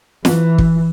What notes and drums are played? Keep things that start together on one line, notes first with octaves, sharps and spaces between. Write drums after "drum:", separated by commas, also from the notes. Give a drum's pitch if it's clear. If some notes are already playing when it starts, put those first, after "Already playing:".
E3, drum: snare
drum: kick